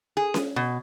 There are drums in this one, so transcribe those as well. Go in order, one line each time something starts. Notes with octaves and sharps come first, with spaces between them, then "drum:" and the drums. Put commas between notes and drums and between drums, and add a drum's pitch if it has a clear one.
G#4
drum: snare C#4
B2